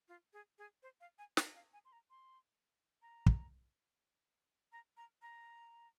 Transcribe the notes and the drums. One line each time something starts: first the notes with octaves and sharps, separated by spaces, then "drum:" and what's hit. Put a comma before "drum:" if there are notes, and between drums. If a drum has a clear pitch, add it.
F4
G#4
G#4
C5
F5
G#5
A#5, drum: snare
F5
G#5
C6
A#5
C6
A#5
drum: kick
A#5
A#5
A#5